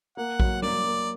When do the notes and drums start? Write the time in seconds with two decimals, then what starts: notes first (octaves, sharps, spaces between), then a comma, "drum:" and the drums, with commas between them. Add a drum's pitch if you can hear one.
0.17 A#3 F#5
0.40 F#3, drum: kick A#1
0.62 A#3 D5, drum: tom G3
0.85 A#3